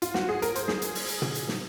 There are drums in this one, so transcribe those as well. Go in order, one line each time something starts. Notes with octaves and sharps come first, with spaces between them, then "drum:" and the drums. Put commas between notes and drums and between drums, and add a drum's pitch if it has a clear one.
F4, drum: hi-hat
F#4, drum: snare
G#4
A#4, drum: hi-hat
C5, drum: hi-hat
G#4, drum: snare
drum: hi-hat
drum: open hi-hat
drum: hi-hat
drum: tom
drum: hi-hat
drum: snare